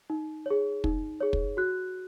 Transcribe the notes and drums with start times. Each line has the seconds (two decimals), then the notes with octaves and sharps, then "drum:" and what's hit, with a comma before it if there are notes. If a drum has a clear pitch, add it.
0.10 D#4
0.46 G#4 C#5
0.84 D#4, drum: kick
1.20 G#4 C#5
1.33 drum: kick
1.57 F#4 F#6